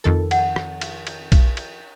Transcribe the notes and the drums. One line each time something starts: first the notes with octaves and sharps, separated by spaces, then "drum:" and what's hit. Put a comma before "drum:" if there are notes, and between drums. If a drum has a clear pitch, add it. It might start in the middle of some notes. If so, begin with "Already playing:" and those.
F2 D#3 A4
F#5, drum: cymbal
drum: rim click
drum: cymbal
drum: cymbal
drum: kick A#1, cymbal
drum: cymbal